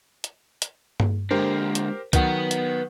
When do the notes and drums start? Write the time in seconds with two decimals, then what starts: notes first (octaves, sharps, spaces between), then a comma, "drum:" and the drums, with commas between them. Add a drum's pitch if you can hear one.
0.24 drum: hi-hat
0.62 drum: hi-hat
1.00 drum: tom G2
1.31 D3 G#3 D4 G4 A#4 C5
1.75 drum: hi-hat
2.13 D#3 F#3 B3 B4 F#5, drum: kick, hi-hat
2.51 drum: hi-hat